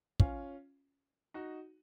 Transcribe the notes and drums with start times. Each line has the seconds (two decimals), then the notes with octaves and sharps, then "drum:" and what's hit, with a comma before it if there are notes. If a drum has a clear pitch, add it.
0.20 C#4 F4, drum: kick
1.34 D#4 F#4